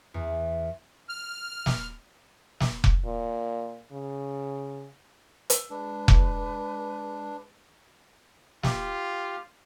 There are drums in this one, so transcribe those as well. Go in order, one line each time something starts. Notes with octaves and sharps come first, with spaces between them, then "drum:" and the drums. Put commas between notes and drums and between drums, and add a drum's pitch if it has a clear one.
E2
F6
drum: snare
drum: snare
drum: kick F1
A#2
C#3
drum: hi-hat
G#3 D4 B4
drum: kick F1
F4 G4, drum: snare